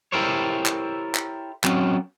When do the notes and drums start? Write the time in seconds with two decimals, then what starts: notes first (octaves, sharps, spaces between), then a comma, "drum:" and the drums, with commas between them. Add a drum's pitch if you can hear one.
0.12 E4 G4 A4 A#4 C5 C#5
0.66 drum: clap
1.15 drum: clap
1.64 F#3 C4 C#4, drum: clap